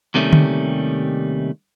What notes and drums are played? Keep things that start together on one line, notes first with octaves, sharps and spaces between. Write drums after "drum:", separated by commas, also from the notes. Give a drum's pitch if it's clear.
D#2 C3 D#3 G3 A3 C#4
drum: tom D3